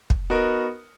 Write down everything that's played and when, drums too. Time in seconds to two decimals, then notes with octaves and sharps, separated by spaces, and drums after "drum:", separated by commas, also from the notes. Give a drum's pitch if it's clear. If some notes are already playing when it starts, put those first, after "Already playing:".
0.10 drum: kick
0.30 B3 D#4 F#4 A#4